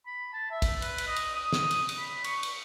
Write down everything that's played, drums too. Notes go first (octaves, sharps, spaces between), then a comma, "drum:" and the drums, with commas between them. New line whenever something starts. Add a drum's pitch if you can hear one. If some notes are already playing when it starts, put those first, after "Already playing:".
B5
A5
E5
drum: kick, cymbal
B4, drum: cymbal
drum: cymbal
D#5
drum: cymbal
D#6
drum: snare
drum: cymbal
drum: cymbal
B5
C#6, drum: cymbal
drum: cymbal